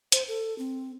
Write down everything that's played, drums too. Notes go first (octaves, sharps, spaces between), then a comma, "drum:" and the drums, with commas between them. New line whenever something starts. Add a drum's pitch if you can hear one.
C5, drum: hi-hat
A4
C4